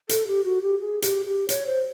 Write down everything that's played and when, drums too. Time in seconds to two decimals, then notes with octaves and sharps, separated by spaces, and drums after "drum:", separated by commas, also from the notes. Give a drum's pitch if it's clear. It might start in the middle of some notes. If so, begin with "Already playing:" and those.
0.09 A4, drum: hi-hat
0.27 G4
0.44 F#4
0.62 G4
0.80 G#4
1.02 G4, drum: hi-hat
1.26 G4
1.49 C#5, drum: hi-hat
1.67 C5